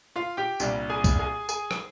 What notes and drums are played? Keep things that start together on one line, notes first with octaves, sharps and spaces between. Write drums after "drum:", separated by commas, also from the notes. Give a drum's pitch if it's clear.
F4 F5
G4 G5
C2 A#2 G3 D4, drum: tambourine
G#4 G#5
drum: kick, tambourine
G#4 G#5
G#4 G#5, drum: tambourine
drum: rim click